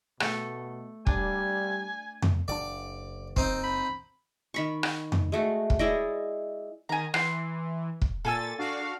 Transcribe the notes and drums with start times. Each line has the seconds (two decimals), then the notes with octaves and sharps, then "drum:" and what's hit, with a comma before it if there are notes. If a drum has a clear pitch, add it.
0.20 B2 A3 A4, drum: rim click
1.07 G3 D4 G#5, drum: kick
2.22 drum: tom F2
2.48 F#1 D4 D5
3.36 C4 D#4, drum: kick
3.63 B5
4.54 D#3 B5 C#6
4.83 drum: rim click
5.12 drum: tom F2
5.32 G#3 A3 F#4
5.70 drum: kick
5.79 G#3 E4 D5 D#5
6.89 D#3 G#5 A#5
7.14 E3 C6, drum: rim click
8.02 drum: kick
8.25 A#2 A4 G#5 E6 A6
8.59 D4 F#4 F5